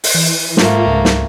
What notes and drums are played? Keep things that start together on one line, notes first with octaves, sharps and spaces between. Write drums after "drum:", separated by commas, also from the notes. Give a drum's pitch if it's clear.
drum: open hi-hat
E3
G#2 A3 A#3 F4, drum: snare
C#2
drum: snare